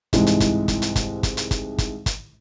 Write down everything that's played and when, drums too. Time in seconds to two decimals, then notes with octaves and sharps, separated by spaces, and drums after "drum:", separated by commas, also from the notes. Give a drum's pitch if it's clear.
0.13 C2 G#2 E3 G#3, drum: kick, hi-hat
0.27 drum: hi-hat
0.40 drum: kick, hi-hat
0.68 drum: kick, hi-hat
0.82 drum: hi-hat
0.96 drum: kick, hi-hat
1.23 drum: kick, hi-hat
1.37 drum: hi-hat
1.51 drum: kick, hi-hat
1.78 drum: kick, hi-hat
2.06 drum: kick, hi-hat